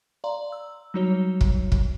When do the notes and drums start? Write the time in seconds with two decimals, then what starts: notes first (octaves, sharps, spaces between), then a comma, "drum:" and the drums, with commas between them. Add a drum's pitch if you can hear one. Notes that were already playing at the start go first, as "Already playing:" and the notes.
0.24 D5 F5 A#5 C6
0.52 E6
0.94 F#3 G3 D#4 F#4 C#5 G7
1.41 drum: kick
1.72 drum: kick